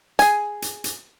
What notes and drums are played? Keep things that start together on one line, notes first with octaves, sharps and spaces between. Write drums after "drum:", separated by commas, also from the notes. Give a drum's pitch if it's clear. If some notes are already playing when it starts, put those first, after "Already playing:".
G#4 G#5, drum: hi-hat
drum: hi-hat
drum: hi-hat